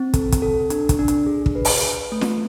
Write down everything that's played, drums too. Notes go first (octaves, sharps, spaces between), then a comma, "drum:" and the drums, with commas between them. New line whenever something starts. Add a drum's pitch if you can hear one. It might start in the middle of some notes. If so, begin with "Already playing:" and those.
Already playing: C4
A4, drum: kick, hi-hat
drum: kick, hi-hat
A4
D4, drum: hi-hat
drum: kick, hi-hat
D4
drum: hi-hat
G#4
drum: kick
B4
drum: open hi-hat
B4
A3
drum: snare